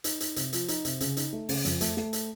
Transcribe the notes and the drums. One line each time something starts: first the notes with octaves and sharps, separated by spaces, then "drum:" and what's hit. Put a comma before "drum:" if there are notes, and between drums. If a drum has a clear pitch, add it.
D#4, drum: hi-hat
D#4, drum: hi-hat
C3, drum: hi-hat
F3, drum: hi-hat
D#4, drum: hi-hat
C3, drum: hi-hat
C#3, drum: hi-hat
D#4, drum: hi-hat
A3
C#3, drum: open hi-hat
F2, drum: hi-hat
A3, drum: hi-hat
A3, drum: snare
drum: hi-hat